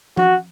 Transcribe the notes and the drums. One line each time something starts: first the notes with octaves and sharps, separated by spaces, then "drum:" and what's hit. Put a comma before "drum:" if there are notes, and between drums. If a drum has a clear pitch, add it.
F#4, drum: tom F3